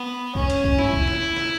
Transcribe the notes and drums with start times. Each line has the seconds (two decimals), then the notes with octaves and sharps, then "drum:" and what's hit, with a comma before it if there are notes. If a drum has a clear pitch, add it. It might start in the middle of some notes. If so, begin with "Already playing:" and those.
Already playing: B3
0.35 C#4, drum: kick
0.50 drum: hi-hat
0.64 drum: kick
0.79 E4, drum: tom G2
0.93 drum: kick
1.08 drum: snare
1.36 drum: snare